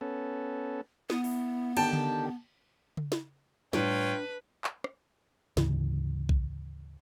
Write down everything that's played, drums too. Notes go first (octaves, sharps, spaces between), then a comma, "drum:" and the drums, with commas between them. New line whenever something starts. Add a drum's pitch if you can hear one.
B3 C#4 A4
B3 D#6, drum: snare
E4, drum: open hi-hat
D3 D#3 G4 G5 A5, drum: cymbal
drum: tom C#3
drum: tom C#3
drum: snare
A2 G3 D4 F4 B4 C#5 G5, drum: snare
drum: clap
drum: rim click
D2 G#2 C#3 E3, drum: snare
drum: kick B1